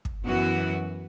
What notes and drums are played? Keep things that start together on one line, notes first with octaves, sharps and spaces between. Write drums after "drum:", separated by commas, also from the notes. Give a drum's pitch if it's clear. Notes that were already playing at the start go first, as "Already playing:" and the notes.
drum: kick
F#2 E3 B3 F#4